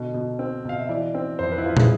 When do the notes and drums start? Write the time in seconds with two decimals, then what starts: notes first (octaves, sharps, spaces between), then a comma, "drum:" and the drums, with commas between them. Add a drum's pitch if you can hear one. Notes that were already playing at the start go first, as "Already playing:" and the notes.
Already playing: B2 D3
0.14 B2
0.39 C4
0.65 B2 F5
0.79 E5
0.89 E3 D5
1.15 C4
1.39 F2 C5
1.52 B4
1.58 E4
1.63 F2 F4
1.77 G#4, drum: tom